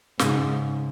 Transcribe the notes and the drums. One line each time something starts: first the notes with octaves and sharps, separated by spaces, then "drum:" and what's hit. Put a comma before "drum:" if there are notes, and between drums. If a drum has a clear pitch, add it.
G#2 C#3, drum: snare